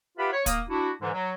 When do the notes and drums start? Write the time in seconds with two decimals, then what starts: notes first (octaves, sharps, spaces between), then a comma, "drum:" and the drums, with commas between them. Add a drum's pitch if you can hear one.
0.18 F4 G4 B4 E5 F#5 B5
0.33 C#5
0.46 A#3 D#6, drum: kick, hi-hat
0.69 D4 E4 F#4
1.02 G#2 D3 E3 G#3
1.14 F#3